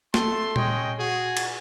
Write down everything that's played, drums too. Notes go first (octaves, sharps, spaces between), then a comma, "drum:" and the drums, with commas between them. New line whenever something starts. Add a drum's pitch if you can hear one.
A3 A4 A5 C6, drum: snare
G#3 C#4 C#5 D#5 G5, drum: tom A#2
F#4 G#4
drum: cymbal